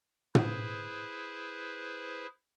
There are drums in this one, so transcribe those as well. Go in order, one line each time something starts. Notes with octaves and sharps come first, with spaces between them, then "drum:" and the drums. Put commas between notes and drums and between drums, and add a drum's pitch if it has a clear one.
E4 G#4 B4 C5, drum: tom